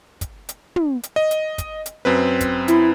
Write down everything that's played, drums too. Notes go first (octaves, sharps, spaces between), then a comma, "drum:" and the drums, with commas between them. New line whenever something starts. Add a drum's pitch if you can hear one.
drum: kick, hi-hat
drum: hi-hat
drum: tom
drum: hi-hat
D#5
drum: hi-hat
drum: kick, hi-hat
drum: hi-hat
F#2 C4 B4
drum: kick, hi-hat
E4, drum: hi-hat